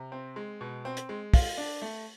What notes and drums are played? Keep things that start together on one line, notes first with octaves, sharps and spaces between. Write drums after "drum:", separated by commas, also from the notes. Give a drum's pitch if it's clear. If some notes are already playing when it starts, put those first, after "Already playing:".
Already playing: C3
C4
G#3
B2
C4
drum: hi-hat
G#3
F4, drum: kick, open hi-hat
D4
A3